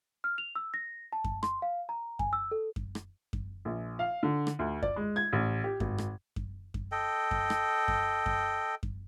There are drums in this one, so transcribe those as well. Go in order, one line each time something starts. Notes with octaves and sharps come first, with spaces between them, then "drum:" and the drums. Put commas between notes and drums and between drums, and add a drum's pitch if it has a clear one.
F6
F7
E6
A#6
A5
drum: kick F#2
C6, drum: rim click
F5
A#5
G#5, drum: kick F#2
E6
A4
drum: kick F#2
drum: rim click
drum: kick F#2
A#1
F5
D3
drum: rim click
D2
D5, drum: kick F#2
G#3
G#6
A1
G4
G#1, drum: kick F#2
drum: rim click
drum: kick F#2
drum: kick F#2
A4 D#5 G5
drum: kick F#2
drum: rim click
drum: kick F#2
drum: kick F#2
drum: kick F#2